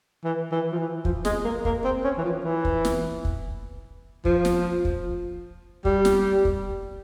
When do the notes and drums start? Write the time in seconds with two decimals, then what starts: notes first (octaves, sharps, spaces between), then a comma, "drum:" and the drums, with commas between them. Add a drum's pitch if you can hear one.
0.24 E3
0.52 E3
0.72 F3
0.77 E3
1.05 F3, drum: kick
1.25 G#3, drum: snare
1.44 A#3
1.65 A#3, drum: kick
1.84 C4
2.04 C#4
2.18 E3
2.24 F3
2.44 E3
2.65 drum: kick
2.85 drum: snare
3.25 drum: kick
4.25 F3, drum: kick
4.45 drum: snare
4.85 drum: kick
5.85 G3, drum: kick
6.05 drum: snare
6.45 drum: kick